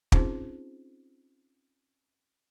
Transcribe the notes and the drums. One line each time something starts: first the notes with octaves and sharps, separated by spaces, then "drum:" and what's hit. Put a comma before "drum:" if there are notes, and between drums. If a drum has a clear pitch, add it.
C4 C#4 D#4 F4 G#4 C5, drum: kick